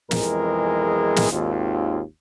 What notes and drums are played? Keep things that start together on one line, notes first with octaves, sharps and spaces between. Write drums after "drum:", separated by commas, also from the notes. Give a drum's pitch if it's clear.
B1 F2 E3 G#3 G#4 A#4, drum: snare
drum: snare
G#1 D#2 F4